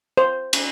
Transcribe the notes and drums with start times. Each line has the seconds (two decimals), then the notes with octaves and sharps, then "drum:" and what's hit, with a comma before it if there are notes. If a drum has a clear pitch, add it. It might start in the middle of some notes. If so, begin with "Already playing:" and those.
0.17 C5
0.53 drum: cymbal